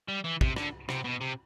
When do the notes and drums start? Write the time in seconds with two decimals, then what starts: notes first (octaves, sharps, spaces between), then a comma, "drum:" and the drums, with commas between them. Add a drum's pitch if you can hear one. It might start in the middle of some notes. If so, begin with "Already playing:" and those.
0.08 G3
0.24 E3
0.41 C3, drum: kick
0.56 D3, drum: rim click
0.89 C3, drum: rim click
1.04 B2
1.21 C3